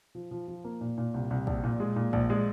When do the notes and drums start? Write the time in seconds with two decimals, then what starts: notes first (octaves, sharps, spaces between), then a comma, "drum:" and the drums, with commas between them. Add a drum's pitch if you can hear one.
0.15 F3
0.31 F3
0.48 F3
0.64 A#3
0.81 A#2
0.98 A#2
1.14 C2
1.31 C2
1.47 A#1, drum: kick
1.64 A#2
1.80 G#3
1.96 A#2
2.13 A#1, drum: kick
2.30 G#3